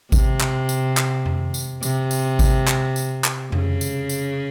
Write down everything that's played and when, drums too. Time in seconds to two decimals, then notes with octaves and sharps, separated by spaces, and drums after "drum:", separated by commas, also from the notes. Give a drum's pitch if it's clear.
0.12 C3, drum: kick G#1, tambourine
0.40 drum: clap
0.69 drum: tambourine
0.97 drum: clap
1.26 drum: tom F2
1.54 drum: tambourine
1.83 C3, drum: tambourine
2.11 drum: tambourine
2.39 drum: kick G#1, tambourine
2.68 drum: clap
2.96 drum: tambourine
3.24 drum: clap
3.52 C#3, drum: tom F2
3.81 drum: tambourine
4.09 drum: tambourine